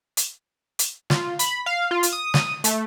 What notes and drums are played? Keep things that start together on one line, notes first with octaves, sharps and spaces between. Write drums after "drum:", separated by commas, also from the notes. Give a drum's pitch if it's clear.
drum: hi-hat
drum: hi-hat
F4, drum: snare
B5, drum: hi-hat
F5
F4
drum: hi-hat
D#6
drum: snare
A3, drum: hi-hat